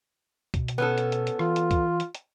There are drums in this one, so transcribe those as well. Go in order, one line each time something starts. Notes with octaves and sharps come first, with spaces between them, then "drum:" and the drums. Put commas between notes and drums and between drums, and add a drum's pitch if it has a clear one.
B2, drum: kick, hi-hat
drum: hi-hat
B3 C#4 A4
drum: hi-hat
drum: hi-hat
drum: hi-hat
E3 F4, drum: rim click
drum: hi-hat
drum: kick, hi-hat
drum: hi-hat
drum: hi-hat